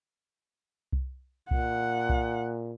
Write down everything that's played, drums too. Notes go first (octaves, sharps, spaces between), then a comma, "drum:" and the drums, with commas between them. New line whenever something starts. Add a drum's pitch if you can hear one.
drum: kick C2
A#2 F#5, drum: kick C2
drum: kick C2